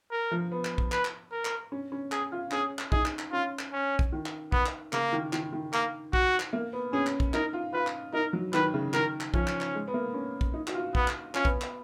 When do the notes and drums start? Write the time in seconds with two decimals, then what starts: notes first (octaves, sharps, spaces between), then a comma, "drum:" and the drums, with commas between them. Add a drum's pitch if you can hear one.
0.11 A#4
0.31 F3
0.52 B3
0.65 drum: clap
0.78 drum: kick
0.92 B4, drum: clap
1.05 drum: clap
1.32 A#4
1.45 drum: clap
1.72 C#4
1.92 C#4
2.12 G#4, drum: clap
2.32 F4
2.51 C#4 G#4, drum: clap
2.79 drum: clap
2.92 D#4 G#4, drum: kick
3.05 drum: clap
3.19 drum: clap
3.32 C#4 F4
3.59 drum: clap
3.73 C#4
3.99 drum: kick
4.12 D#3
4.26 drum: clap
4.52 B3, drum: kick
4.66 drum: clap
4.93 C#3 A#3, drum: clap
5.13 D#3
5.33 D#3, drum: clap
5.53 D#3
5.73 A#3, drum: clap
6.13 F#4, drum: kick
6.40 drum: clap
6.53 A#3
6.73 B3
6.93 C#4 G#4
7.07 drum: clap
7.20 drum: kick
7.34 D#4 A#4, drum: clap
7.53 F4
7.73 F4 B4
7.87 drum: clap
8.13 D#4 A#4
8.33 F#3
8.54 D#3 B4, drum: clap
8.74 C#3
8.94 D#3 A#4, drum: clap
9.21 drum: clap
9.34 F3 C#4, drum: kick
9.47 drum: clap
9.61 drum: clap
9.75 G#3
9.88 B3
9.94 A#3
10.14 C#4
10.41 drum: kick
10.54 D#4
10.67 F#4, drum: clap
10.74 F4
10.95 B3, drum: kick
11.08 drum: clap
11.35 C#4 F4, drum: clap
11.45 B3, drum: kick
11.61 drum: clap